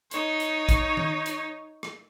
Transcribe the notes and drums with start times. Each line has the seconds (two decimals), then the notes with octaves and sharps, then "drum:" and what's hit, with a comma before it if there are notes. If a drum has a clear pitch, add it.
0.11 D#4 C#5, drum: hi-hat
0.40 drum: hi-hat
0.69 drum: kick A1, hi-hat
0.97 drum: tom D#3
1.26 drum: hi-hat
1.83 drum: rim click